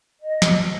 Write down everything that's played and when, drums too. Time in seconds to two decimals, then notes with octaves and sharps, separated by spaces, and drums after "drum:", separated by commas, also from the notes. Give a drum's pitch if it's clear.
0.21 D#5
0.42 drum: snare